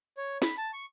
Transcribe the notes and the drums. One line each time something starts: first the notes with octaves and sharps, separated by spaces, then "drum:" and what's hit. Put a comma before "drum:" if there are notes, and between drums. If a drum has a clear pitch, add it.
C#5
B5, drum: snare
A5
C#6